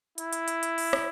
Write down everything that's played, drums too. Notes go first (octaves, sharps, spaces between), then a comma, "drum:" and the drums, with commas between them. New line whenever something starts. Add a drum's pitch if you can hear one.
E4, drum: hi-hat
drum: hi-hat
drum: hi-hat
drum: hi-hat
drum: open hi-hat
drum: rim click